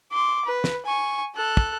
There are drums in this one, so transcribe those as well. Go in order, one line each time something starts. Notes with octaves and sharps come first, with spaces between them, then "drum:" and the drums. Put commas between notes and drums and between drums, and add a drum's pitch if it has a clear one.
C6 D6
B4
drum: snare
G#5 C#6
A4 F#6
drum: kick